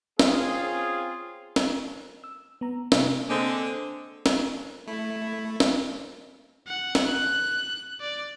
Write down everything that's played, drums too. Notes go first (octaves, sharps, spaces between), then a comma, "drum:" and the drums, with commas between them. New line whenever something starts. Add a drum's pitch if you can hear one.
C4 C#4 F4 G#4, drum: snare
drum: snare
E6
B3 A#5
C3, drum: snare
D3 G#3 A#3 C4
drum: snare
A3 E4
drum: snare
F#5
drum: snare
F#6
D5